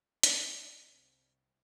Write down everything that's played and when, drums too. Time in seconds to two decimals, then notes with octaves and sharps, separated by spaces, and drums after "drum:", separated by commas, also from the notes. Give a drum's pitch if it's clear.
0.23 F6 G#6, drum: hi-hat
0.76 C2